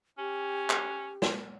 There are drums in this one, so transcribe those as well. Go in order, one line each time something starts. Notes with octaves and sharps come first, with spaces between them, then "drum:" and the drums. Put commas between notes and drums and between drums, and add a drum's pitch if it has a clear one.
C#4 G4
drum: clap
drum: snare